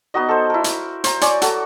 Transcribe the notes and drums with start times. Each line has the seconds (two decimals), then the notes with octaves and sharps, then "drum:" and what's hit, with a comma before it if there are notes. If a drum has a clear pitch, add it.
0.14 B3 D#4 F#4 D#5
0.29 A4 C5
0.50 E4 A#4
0.64 drum: hi-hat
1.04 C5 A#5, drum: hi-hat
1.21 C#5 D5 G#5, drum: hi-hat
1.42 F#4 A4, drum: hi-hat